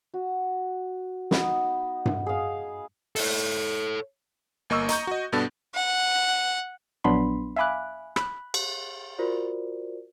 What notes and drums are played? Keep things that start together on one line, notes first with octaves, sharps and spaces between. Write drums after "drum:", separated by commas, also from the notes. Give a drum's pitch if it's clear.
F#4
B3 D#4 D#5, drum: snare
drum: tom G2
G#4 F5
A4 C#5, drum: open hi-hat
G1 A#3 D#5 C#6 E6
D#5 A#5 C#6 G6, drum: hi-hat
F#4 D#5
G2 B2 B3 D4 A4 A6
F#5
A#1 F#3 B3 D4 B5 C6
E5 F5 G#5 B5 D6 F#6
B5 F#6, drum: rim click
drum: cymbal
F4 F#4 A#4 C5 D5